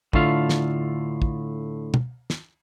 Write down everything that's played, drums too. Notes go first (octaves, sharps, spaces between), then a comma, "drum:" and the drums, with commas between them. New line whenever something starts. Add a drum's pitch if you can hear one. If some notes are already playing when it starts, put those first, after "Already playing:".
A2 D3 A3 F4 F5, drum: kick
drum: snare
drum: kick
drum: tom
drum: snare